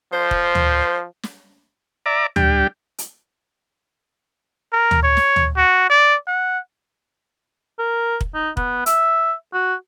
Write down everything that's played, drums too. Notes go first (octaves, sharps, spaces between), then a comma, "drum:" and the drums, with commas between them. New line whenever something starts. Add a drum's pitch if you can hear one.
F3 C5
drum: kick
drum: tom
drum: snare
D5 E5 A#5 D6
G3 D4 G4 G5, drum: tom
drum: hi-hat
A#4
drum: tom
C#5
drum: snare
drum: tom
F#4
D5
F#5
A#4
drum: kick
D#4
B3, drum: kick
E5, drum: hi-hat
F#4